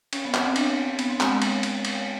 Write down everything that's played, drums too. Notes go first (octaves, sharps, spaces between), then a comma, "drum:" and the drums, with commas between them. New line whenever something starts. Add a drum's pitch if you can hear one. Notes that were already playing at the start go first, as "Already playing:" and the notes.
C#4, drum: cymbal
B3
C4, drum: clap
D4, drum: cymbal
D4
C4
B3, drum: cymbal
C4
G#3, drum: clap
drum: cymbal
drum: cymbal
drum: cymbal